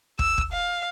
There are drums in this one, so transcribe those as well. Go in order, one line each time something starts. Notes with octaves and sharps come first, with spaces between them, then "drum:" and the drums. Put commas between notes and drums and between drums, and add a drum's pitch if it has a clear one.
E6, drum: kick
drum: kick
F5